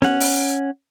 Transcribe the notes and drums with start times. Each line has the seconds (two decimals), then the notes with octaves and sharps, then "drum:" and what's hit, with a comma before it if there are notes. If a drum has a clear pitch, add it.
0.02 C#4 F#5, drum: snare B3
0.20 drum: open hi-hat